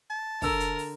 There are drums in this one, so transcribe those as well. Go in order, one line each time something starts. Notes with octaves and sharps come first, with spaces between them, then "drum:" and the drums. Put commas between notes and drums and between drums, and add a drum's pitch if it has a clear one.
A5
D3 A#4 E6, drum: kick, open hi-hat
drum: hi-hat
drum: open hi-hat